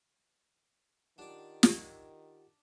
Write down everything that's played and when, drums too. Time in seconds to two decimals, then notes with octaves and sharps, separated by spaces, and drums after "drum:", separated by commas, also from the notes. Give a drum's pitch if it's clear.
1.18 D#3 D4 F4 G4 D5 F#5
1.63 drum: snare